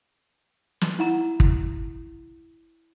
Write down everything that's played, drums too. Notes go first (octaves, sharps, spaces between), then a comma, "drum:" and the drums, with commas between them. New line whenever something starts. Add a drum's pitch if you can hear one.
drum: snare
E4 F#5 A#5
drum: kick